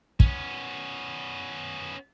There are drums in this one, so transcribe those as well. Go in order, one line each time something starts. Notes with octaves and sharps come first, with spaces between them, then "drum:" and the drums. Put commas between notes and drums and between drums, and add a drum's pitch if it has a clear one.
B3 C#4, drum: kick